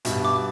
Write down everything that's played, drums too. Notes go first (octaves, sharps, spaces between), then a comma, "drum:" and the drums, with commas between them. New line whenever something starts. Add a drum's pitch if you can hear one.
G2 B2 E5, drum: hi-hat
D6